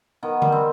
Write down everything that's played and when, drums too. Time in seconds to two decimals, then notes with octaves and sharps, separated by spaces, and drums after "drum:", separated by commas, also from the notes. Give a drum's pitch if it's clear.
0.23 D#3 B3
0.42 G3, drum: tom D3
0.52 C4